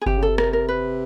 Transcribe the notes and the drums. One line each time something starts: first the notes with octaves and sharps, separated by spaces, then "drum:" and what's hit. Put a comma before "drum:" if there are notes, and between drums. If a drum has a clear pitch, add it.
G#4
C3 G4, drum: kick G1
C#3 A4
C3
A#4, drum: rim click
A#4
B4